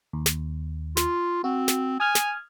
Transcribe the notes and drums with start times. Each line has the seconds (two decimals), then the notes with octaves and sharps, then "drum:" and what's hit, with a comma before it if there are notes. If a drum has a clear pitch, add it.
0.13 D#2
0.26 drum: snare
0.97 F4, drum: snare
1.44 C4 F#4
1.68 drum: snare
2.00 G#5 D#6 F6 G#6
2.15 drum: snare